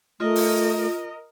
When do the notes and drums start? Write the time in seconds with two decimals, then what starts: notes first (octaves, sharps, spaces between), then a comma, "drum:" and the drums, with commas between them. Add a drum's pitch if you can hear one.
0.20 A3 F4 A#4 D#5
0.36 drum: open hi-hat